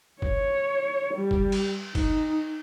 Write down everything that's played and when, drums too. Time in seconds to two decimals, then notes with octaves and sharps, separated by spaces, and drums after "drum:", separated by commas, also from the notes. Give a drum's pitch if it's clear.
0.22 C#5, drum: kick
1.14 G3
1.31 drum: kick
1.52 drum: cymbal
1.95 D#4, drum: kick, cymbal